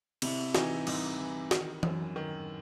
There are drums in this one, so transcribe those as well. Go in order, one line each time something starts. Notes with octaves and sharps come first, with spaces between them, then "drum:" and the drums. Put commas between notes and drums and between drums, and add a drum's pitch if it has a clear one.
C3 E4, drum: cymbal
E3 D#4, drum: snare
C2 D#4, drum: cymbal
E3
D#3, drum: snare
F#2, drum: tom E3
D#3